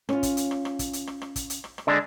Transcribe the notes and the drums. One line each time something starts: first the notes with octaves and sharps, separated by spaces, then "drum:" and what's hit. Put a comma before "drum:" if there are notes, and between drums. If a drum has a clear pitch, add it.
C#4 F4, drum: rim click
drum: kick, hi-hat
drum: hi-hat
drum: rim click
drum: rim click
drum: kick, hi-hat
drum: hi-hat
drum: rim click
drum: rim click
drum: kick, hi-hat
drum: hi-hat
drum: rim click
drum: rim click
D3 G#3 D4